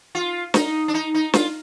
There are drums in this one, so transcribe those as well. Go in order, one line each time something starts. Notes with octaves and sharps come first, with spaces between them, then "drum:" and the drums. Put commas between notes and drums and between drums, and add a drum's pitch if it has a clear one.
F4
D#4, drum: snare
D4
D#4
D#4
F4, drum: snare